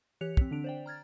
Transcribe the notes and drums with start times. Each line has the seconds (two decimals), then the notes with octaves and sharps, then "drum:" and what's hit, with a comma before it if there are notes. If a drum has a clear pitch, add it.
0.21 E3 G4 C#5 F#6 C#7 F7
0.37 C4 B6, drum: kick
0.51 D3 D4 D7 F7
0.64 C5 D5 G5
0.86 A#5 F6 G#6 A6